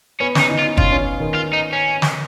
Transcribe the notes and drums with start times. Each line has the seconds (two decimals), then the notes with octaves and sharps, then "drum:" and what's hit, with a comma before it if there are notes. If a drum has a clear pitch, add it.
0.21 B3 C#4
0.35 C#4 D#4, drum: snare
0.49 D#4
0.59 F4
0.64 D#4
0.77 C#4 F4, drum: kick
0.92 C#4
1.20 D#3
1.34 F4
1.53 D#4
1.73 C#4
2.02 drum: snare